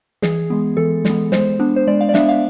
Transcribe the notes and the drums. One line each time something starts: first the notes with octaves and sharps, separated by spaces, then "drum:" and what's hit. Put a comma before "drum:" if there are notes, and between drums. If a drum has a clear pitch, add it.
E3 G#4, drum: snare
G#3 B3
E3 A4
G#3 B3, drum: snare
G#3 C5, drum: snare
B3 D4
C5
G#3 D5
F5
D5
B3 D4 E5, drum: snare
F5